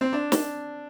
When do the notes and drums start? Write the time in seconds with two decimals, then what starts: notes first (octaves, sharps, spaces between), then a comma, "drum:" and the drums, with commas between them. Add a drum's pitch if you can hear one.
0.01 C4
0.13 D4
0.32 drum: snare